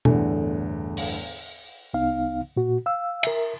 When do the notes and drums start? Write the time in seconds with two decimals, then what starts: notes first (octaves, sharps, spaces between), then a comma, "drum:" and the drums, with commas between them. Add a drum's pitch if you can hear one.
0.05 G1 E2 A2 D3, drum: tom
0.97 drum: open hi-hat
1.94 C2 B3 D#4 F5
2.56 A#2 F#4
2.86 F5 E6
3.23 A#4 E5, drum: cymbal